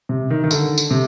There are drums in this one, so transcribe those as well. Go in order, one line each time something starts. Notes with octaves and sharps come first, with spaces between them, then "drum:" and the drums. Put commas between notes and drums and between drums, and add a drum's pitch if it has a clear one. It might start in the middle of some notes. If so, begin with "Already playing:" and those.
C3
D#3
D#3
D3, drum: tambourine
drum: tambourine
C3